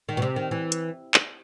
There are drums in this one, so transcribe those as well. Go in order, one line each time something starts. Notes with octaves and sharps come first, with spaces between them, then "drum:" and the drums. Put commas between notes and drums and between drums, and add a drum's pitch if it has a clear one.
D#3
B2
C3
D#3
E3
drum: hi-hat
drum: clap